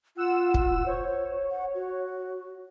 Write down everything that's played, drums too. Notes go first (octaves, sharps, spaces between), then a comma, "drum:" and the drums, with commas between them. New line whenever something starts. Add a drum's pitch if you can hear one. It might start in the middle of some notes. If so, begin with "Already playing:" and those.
F4 F#5 E6 E7
drum: kick
C5 C#5
F#5
F#4